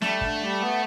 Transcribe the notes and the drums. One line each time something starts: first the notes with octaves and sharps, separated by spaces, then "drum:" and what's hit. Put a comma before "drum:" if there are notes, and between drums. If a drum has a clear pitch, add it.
G3 A3, drum: snare
D3, drum: kick
G3
B3